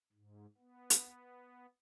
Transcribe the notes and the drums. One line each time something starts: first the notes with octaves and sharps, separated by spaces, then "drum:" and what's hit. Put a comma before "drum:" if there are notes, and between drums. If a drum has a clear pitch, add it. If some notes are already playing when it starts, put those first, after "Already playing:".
G#2
B3
drum: hi-hat